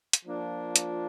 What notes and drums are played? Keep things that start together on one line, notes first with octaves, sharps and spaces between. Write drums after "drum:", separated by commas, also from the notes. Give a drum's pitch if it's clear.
drum: hi-hat
F3 A#3 D4 F4
drum: hi-hat